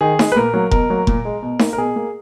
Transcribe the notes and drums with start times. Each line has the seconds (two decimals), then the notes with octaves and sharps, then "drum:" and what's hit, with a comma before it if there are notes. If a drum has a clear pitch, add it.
0.01 D#3 G#4
0.19 G#3, drum: snare D#4
0.32 B4
0.36 A#2 A#4
0.54 F#3 A#3
0.71 B2 A#4, drum: kick F1
0.90 F#3 A#3
1.07 A#2, drum: kick F1
1.25 G#3
1.43 B2
1.59 A#3, drum: snare D#4
1.73 A#4
1.77 B2 G#4
1.96 A#3